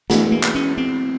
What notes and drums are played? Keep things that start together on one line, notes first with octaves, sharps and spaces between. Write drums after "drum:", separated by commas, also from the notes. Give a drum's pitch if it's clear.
E3 G#3 A3 B3 D4 F#4, drum: snare
A#3
drum: clap
C#4
C4